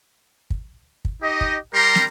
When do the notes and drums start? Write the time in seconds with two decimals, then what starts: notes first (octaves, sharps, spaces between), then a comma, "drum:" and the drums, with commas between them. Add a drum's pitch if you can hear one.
0.50 drum: kick
1.05 drum: kick
1.23 D#4 G4 D#5
1.41 drum: kick
1.74 G3 G4 A#4 A#5 C6
1.95 drum: snare